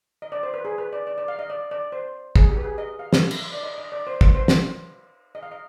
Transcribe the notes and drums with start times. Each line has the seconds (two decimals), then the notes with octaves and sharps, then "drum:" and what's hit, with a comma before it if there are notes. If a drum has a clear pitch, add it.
0.22 D#5
0.32 D5
0.43 C5
0.54 B4
0.65 G#4
0.78 B4
0.93 D5
1.07 D5
1.18 D5
1.28 F5
1.39 D#5
1.50 D5
1.71 D5
1.92 C5
2.36 G#4, drum: kick
2.50 G4
2.57 B4
2.64 G#4
2.78 D#5
2.99 F5
3.13 drum: snare
3.31 drum: cymbal
3.52 D5
3.63 D#5
3.78 D#5
3.92 D5
4.07 C5
4.21 B4, drum: kick
4.35 C5
4.48 drum: snare
5.35 D#5
5.43 F5
5.51 D#5